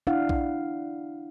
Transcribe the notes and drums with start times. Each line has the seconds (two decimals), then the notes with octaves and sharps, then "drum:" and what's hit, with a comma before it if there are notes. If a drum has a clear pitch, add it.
0.07 D4 E4 F5 F#5
0.29 drum: kick A#1